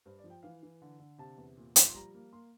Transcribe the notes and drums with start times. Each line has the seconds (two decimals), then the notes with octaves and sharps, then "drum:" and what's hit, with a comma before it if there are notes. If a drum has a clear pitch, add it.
0.06 G2 C5
0.18 D5
0.24 F3
0.30 G5
0.43 E3 F5
0.63 E3
0.82 D3
0.99 D3
1.18 C3 A5
1.38 E2
1.57 A#2
1.76 F3, drum: hi-hat
1.90 C6
1.94 G3 A#5
2.14 A#3
2.33 A#3 C6